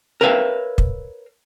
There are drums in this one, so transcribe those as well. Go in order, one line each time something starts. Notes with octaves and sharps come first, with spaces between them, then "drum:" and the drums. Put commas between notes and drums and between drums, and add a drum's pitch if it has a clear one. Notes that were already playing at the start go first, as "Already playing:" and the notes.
A#4 B4 C#5 E5 F5
drum: kick